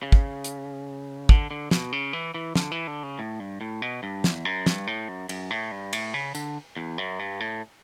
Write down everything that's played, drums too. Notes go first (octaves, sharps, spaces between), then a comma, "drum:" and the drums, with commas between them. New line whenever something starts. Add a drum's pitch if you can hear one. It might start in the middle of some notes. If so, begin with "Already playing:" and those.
C#3
drum: kick
drum: hi-hat
D3, drum: kick
D3
B2, drum: snare
C#3
E3
E3
D3, drum: snare
E3
D3
C#3
A2
G2
A2
B2
G2
E2, drum: snare
F#2
G2, drum: snare
A2
F#2
F#2, drum: cymbal
A2
G2
A2, drum: cymbal
C#3
D3, drum: tambourine
E2
F#2
G2
A2